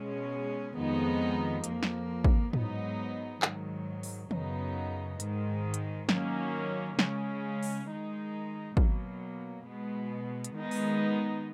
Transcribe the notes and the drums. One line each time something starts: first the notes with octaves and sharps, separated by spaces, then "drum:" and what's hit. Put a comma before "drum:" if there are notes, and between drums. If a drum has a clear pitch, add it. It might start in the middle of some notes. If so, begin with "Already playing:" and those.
Already playing: B2 G#3 C#4
F2 D#3 G#3 B3 D#4
F2 F3 A#3, drum: hi-hat
drum: snare
drum: kick
G#2 F#3 B3 D#4, drum: tom A2
G#2 D#3 F#3, drum: clap
drum: open hi-hat
F#2 C#3 F#3 B3 D#4, drum: tom D#3
G#2 D#3 G#3, drum: hi-hat
drum: hi-hat
D#3 F#3 A#3 C#4, drum: snare
C#3 G#3 C#4, drum: snare
drum: open hi-hat
D#3 G#3 D#4
B2 F#3 A#3, drum: kick
B2 G#3 B3
drum: hi-hat
D#3 G#3 B3 D#4
drum: open hi-hat